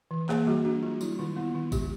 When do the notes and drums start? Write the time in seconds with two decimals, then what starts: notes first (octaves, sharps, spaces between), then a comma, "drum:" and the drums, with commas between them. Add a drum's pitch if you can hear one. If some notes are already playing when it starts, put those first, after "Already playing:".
0.11 E3
0.29 A#3 G#4, drum: clap
0.47 G3 F#4
0.65 D4 F#4
0.82 G3 F4
1.01 F#3 E4, drum: tambourine
1.19 D#3 F4
1.36 B3 E4
1.54 D#3 F4
1.72 G#3 G4, drum: kick G#1, tambourine